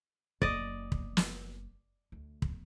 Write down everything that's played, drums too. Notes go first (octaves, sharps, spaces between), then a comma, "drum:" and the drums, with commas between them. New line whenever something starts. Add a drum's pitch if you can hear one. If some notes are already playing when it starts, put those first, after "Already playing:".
F#1 D5 D#5, drum: kick
drum: kick
drum: snare
D2
drum: kick